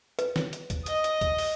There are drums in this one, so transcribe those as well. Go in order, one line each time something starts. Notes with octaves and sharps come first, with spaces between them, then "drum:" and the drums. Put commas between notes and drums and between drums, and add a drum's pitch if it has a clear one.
B4, drum: hi-hat
drum: snare
drum: hi-hat
drum: kick, hi-hat
D#5 D#6, drum: hi-hat
drum: hi-hat
drum: kick, hi-hat
drum: open hi-hat